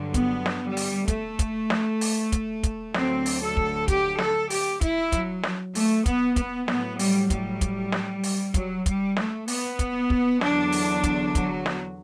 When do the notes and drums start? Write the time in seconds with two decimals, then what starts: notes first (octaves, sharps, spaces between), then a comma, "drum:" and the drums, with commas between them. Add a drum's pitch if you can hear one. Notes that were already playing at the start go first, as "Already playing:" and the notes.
Already playing: G2 D3 F#3
0.14 B3, drum: kick, hi-hat
0.46 drum: snare
0.61 G3
0.77 drum: open hi-hat
1.08 A3, drum: kick, hi-hat
1.39 drum: kick, hi-hat
1.70 drum: snare
2.01 drum: open hi-hat
2.32 drum: kick, hi-hat
2.63 drum: kick, hi-hat
2.94 D2 D3 F#3 C4, drum: snare
3.26 drum: open hi-hat
3.41 A4
3.57 drum: kick
3.88 G4, drum: kick, hi-hat
4.19 A4, drum: snare
4.50 G4, drum: open hi-hat
4.81 E4, drum: kick, hi-hat
5.12 F#3, drum: kick, hi-hat
5.43 drum: snare
5.75 A3, drum: open hi-hat
6.06 B3, drum: kick, hi-hat
6.36 B3, drum: kick, hi-hat
6.68 A2 F#3 B3, drum: snare
6.99 G3, drum: open hi-hat
7.30 G3, drum: kick, hi-hat
7.61 drum: kick, hi-hat
7.92 drum: snare
8.23 drum: open hi-hat
8.54 F#3, drum: kick, hi-hat
8.86 G3, drum: kick, hi-hat
9.17 A3, drum: snare
9.48 B3, drum: open hi-hat
9.79 drum: kick, hi-hat
10.10 drum: kick
10.41 E2 D3 F#3 D4, drum: snare
10.72 drum: open hi-hat
11.03 drum: kick, hi-hat
11.35 F#3, drum: kick, hi-hat
11.66 drum: snare